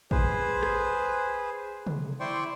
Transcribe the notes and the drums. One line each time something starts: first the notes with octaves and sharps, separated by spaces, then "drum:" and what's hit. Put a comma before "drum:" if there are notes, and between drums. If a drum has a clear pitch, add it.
G#4 B4 C5, drum: kick
drum: rim click
drum: tom
E4 C5 D5 G5 C6 C#6